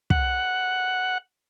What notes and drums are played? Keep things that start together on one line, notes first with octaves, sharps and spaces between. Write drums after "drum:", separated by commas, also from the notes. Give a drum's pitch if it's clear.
F#5, drum: kick